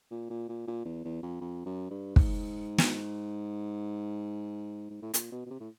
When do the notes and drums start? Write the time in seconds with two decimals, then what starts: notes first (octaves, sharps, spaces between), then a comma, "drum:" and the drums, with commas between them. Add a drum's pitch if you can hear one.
0.11 A#2
0.30 A#2
0.49 A#2
0.67 A#2
0.85 E2
1.05 E2
1.23 F2
1.41 F2
1.66 F#2
1.91 G2
2.16 G#2, drum: kick
2.78 drum: snare
4.90 G#2
5.02 A2
5.14 A#2, drum: hi-hat
5.32 B2
5.46 B2
5.51 C3
5.60 A2